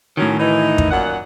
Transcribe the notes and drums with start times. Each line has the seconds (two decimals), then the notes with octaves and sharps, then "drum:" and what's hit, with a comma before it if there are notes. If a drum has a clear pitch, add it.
0.17 A2 D#3 F#3 C#4
0.39 E3 D#4
0.78 drum: kick
0.91 F#2 A#2 F#5